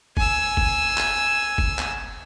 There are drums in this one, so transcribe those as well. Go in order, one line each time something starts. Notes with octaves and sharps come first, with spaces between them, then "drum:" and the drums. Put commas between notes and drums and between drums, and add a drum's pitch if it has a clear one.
G#5 E6, drum: kick
drum: kick
drum: clap
drum: kick
drum: clap